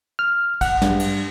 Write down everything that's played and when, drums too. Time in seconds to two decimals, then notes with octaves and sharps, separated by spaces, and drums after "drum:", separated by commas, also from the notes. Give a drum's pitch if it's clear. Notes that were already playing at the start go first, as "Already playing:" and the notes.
0.19 F6
0.61 F#5, drum: kick A1, cymbal
0.82 G2, drum: snare
1.00 drum: cymbal